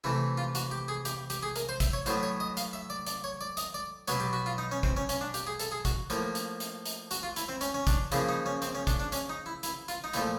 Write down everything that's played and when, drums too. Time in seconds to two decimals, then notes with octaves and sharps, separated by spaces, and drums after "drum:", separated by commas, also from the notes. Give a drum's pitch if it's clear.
0.04 C3 E3 A3 E4
0.37 F4
0.55 F#4, drum: hi-hat
0.71 G4
0.88 G#4
1.05 G4, drum: hi-hat
1.30 G4, drum: hi-hat
1.43 G#4
1.56 A#4, drum: hi-hat
1.69 C5
1.80 E5, drum: kick, hi-hat
1.93 C#5
2.06 A2 F#3 B3 C5, drum: hi-hat
2.23 C#5
2.40 D#5
2.57 F5, drum: hi-hat
2.73 E5
2.90 D5
3.07 D5, drum: hi-hat
3.24 C#5
3.41 D5
3.57 D#5, drum: hi-hat
3.74 D5
4.08 B2 F#3 B3 C#5, drum: hi-hat
4.20 G4
4.33 F#4
4.46 F4
4.58 D#4
4.72 C#4
4.83 C4, drum: kick
4.97 C#4
5.09 C#4, drum: hi-hat
5.21 D4
5.34 G4, drum: hi-hat
5.47 G#4
5.60 A4, drum: hi-hat
5.72 G#4
5.85 F#4, drum: kick, hi-hat
6.10 A2 F3 A#3, drum: hi-hat
6.35 drum: hi-hat
6.60 drum: hi-hat
6.86 drum: hi-hat
7.11 F#4, drum: hi-hat
7.23 F4
7.36 E4, drum: hi-hat
7.49 C4
7.61 C#4, drum: hi-hat
7.74 C#4
7.87 D4, drum: kick, hi-hat
8.12 C#3 F3 A#3 E4, drum: hi-hat
8.29 D#4
8.46 C#4
8.62 C4, drum: hi-hat
8.75 C#4
8.87 D4, drum: kick, hi-hat
9.00 D4
9.12 C#4, drum: hi-hat
9.29 D#4
9.46 E4
9.63 E4, drum: hi-hat
9.88 F4, drum: hi-hat
10.04 D#4
10.13 A#2 F3 A3 E4, drum: hi-hat